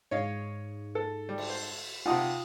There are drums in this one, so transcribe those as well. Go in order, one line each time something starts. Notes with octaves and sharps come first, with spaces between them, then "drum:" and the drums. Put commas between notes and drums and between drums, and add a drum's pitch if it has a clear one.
G#2 C#5 D#5 F5
A4
G3
drum: cymbal
C5
C3 D#4 F4 F#5 A5 D#6